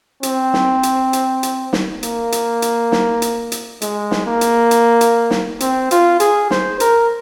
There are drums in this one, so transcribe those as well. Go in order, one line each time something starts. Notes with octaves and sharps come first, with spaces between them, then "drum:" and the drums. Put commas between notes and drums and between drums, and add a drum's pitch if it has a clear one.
C4, drum: hi-hat
drum: snare
drum: hi-hat
drum: hi-hat
drum: hi-hat
drum: snare
A#3, drum: hi-hat
drum: hi-hat
drum: hi-hat
drum: snare
drum: hi-hat
drum: hi-hat
G#3, drum: hi-hat
drum: snare
A#3
drum: hi-hat
drum: hi-hat
drum: hi-hat
drum: snare
C4, drum: hi-hat
F4, drum: hi-hat
G#4, drum: hi-hat
C5, drum: snare
A#4, drum: hi-hat